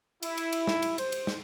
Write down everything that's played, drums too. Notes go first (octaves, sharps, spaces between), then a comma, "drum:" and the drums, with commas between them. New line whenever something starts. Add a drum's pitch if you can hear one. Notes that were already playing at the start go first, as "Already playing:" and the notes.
E4, drum: cymbal
drum: cymbal
drum: cymbal
drum: snare
drum: cymbal
C5, drum: cymbal
drum: cymbal
drum: snare